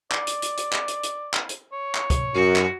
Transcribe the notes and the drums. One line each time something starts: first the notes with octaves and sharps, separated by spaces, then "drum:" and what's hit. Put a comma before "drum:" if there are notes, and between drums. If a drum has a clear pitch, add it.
D5, drum: clap
drum: hi-hat
drum: hi-hat
drum: hi-hat
drum: clap
drum: hi-hat
drum: hi-hat
drum: clap
drum: hi-hat
C#5
drum: clap
drum: kick, hi-hat
F#2 F#4
drum: clap